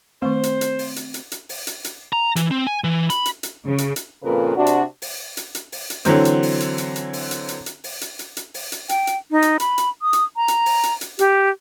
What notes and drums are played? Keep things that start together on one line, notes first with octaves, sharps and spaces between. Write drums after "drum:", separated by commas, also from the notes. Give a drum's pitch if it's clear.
D#3 A3 C4 C5
drum: hi-hat
drum: hi-hat
drum: open hi-hat
drum: hi-hat
drum: hi-hat
drum: hi-hat
drum: open hi-hat
drum: hi-hat
drum: hi-hat
A#5
E3, drum: hi-hat
C4
G#5
E3
B5, drum: hi-hat
drum: hi-hat
drum: hi-hat
C#3
drum: hi-hat
drum: hi-hat
F2 A#2 C#3 A#4 B4
C3 D4 F#4
drum: hi-hat
drum: open hi-hat
drum: hi-hat
drum: hi-hat
drum: open hi-hat
drum: hi-hat
D3 E3 F#3 C4, drum: hi-hat
drum: hi-hat
drum: open hi-hat
drum: hi-hat
drum: hi-hat
drum: hi-hat
drum: open hi-hat
drum: hi-hat
drum: hi-hat
drum: hi-hat
drum: open hi-hat
drum: hi-hat
drum: hi-hat
drum: hi-hat
drum: open hi-hat
drum: hi-hat
G5, drum: hi-hat
drum: hi-hat
D#4
drum: hi-hat
B5, drum: hi-hat
drum: hi-hat
D#6
drum: hi-hat
A#5
drum: hi-hat
drum: open hi-hat
drum: hi-hat
drum: hi-hat
G4, drum: hi-hat